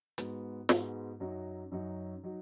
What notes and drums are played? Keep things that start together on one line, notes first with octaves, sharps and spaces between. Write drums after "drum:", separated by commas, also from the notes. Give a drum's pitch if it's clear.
G#2 G#3 B3 F#4, drum: hi-hat
G#2 G#3 B3 F#4, drum: snare
F#2 F#3 D#4 F#4
F#2 F#3 D#4 F#4
F#3 D#4 F#4